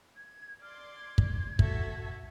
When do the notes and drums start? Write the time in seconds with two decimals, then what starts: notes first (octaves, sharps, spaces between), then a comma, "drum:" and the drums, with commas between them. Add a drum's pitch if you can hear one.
0.16 G#6
0.62 D5 C6 F6
0.97 G#6
1.18 drum: kick
1.59 F#4 A4 E5, drum: kick